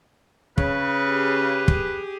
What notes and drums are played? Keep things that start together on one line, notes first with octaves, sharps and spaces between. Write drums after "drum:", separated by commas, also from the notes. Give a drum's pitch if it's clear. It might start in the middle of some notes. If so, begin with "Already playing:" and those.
C#3 B4, drum: kick
G4 G#4
drum: kick